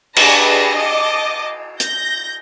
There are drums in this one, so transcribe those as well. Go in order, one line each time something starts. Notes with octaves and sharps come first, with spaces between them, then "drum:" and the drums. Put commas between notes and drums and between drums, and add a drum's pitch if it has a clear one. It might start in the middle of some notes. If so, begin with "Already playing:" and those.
D4 G4 G#4 B4 A5 A#6, drum: cymbal
D#5 A5 D6
G6 A#6, drum: hi-hat